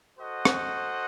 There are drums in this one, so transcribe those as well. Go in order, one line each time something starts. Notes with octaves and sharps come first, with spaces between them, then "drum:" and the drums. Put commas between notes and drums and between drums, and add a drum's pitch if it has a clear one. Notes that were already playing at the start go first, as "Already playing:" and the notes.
F#4 A4 C5 D#5 F#5
drum: rim click